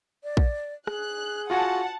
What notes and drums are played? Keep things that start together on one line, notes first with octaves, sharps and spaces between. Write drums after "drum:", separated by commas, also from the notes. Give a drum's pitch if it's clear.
D5
drum: kick A#1
G#4 F#6, drum: rim click
F4 F#4 F#5 G#5 A5